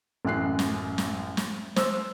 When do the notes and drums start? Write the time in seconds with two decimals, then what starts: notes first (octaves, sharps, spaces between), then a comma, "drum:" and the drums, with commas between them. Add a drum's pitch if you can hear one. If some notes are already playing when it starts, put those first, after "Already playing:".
0.25 A1 F#2 F#6 C7
0.59 drum: snare
0.98 drum: snare
1.37 drum: snare
1.76 C5 E6, drum: snare